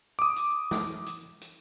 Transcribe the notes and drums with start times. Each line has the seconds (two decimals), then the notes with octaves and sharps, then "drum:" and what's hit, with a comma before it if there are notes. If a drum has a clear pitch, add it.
0.19 D6 D#6
0.36 drum: hi-hat
0.71 drum: snare
1.06 drum: hi-hat
1.41 drum: hi-hat